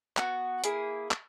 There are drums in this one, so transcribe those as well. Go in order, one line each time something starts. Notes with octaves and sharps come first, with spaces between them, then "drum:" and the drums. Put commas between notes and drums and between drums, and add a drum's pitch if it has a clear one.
B3 F#4, drum: clap
A#3 E4 G#4, drum: hi-hat
drum: clap